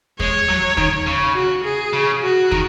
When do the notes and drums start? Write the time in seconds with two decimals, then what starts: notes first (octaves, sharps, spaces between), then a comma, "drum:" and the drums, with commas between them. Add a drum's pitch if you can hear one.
0.20 G#3 C#5, drum: kick
0.48 F#3
0.77 D#3, drum: kick
1.06 C#3
1.35 F#4
1.64 G#4
1.93 C#3
2.23 F#4
2.52 D#3, drum: kick